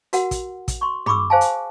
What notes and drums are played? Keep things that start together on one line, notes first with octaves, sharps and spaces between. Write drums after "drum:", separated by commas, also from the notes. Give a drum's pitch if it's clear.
F#4 A#4 F#5, drum: hi-hat
drum: kick, hi-hat
drum: kick, hi-hat
C6 C#6
G#4 B5 C#6 D6 E6, drum: tom
G#4 C5 F5 G#5 A5
drum: hi-hat